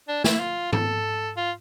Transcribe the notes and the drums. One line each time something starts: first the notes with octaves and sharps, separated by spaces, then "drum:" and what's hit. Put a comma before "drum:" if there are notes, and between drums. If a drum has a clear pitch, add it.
D4
E4, drum: snare
F4
A4, drum: tom G#2
F4